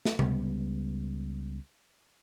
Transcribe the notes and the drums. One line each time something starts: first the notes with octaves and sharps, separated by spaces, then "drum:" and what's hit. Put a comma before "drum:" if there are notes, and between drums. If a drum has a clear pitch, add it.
drum: snare
C#2 G3 B3, drum: tom C3